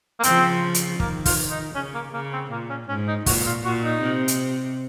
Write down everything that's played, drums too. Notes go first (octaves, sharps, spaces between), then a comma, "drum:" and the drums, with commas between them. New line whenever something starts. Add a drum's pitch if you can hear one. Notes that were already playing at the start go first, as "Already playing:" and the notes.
A#3
C#3 F3 C4, drum: hi-hat
drum: hi-hat
D#3 A#3, drum: kick
F4, drum: kick, open hi-hat
D#4
C#3 C#4
A#3
C#3 A#3
C4
A#2 A#3
C#4
G#2 C#4
D#4
A#2 F#4, drum: kick, open hi-hat
F4
A#2 F#4
D#4
C3
drum: hi-hat